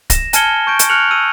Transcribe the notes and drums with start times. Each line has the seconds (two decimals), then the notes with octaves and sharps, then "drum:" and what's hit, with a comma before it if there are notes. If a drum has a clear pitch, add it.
0.10 A#6 E7, drum: kick C#1, hi-hat
0.33 G#5 A5 F6 G#6 C#7 G7, drum: hi-hat
0.67 C#6 G6 D7
0.79 drum: hi-hat
0.89 F6 F#6 C#7 F7 F#7
1.11 E6 D#7